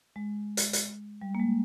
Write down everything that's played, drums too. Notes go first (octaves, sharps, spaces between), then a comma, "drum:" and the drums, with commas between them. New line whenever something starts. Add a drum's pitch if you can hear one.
G#3
drum: hi-hat
drum: hi-hat
G3
A#3
G#3